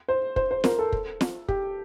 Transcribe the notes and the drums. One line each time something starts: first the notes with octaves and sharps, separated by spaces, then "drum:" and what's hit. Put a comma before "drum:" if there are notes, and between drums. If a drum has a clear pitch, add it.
C5
C5, drum: kick
C5
A#4, drum: snare
A4
drum: kick
drum: snare
G4, drum: kick